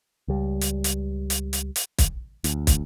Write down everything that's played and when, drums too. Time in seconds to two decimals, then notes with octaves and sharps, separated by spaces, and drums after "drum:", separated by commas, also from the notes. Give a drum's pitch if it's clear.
0.28 C#2 G3
0.61 drum: hi-hat
0.84 drum: hi-hat
1.30 drum: hi-hat
1.53 drum: hi-hat
1.76 drum: hi-hat
1.98 drum: kick, hi-hat
2.44 D2, drum: hi-hat
2.67 drum: kick, hi-hat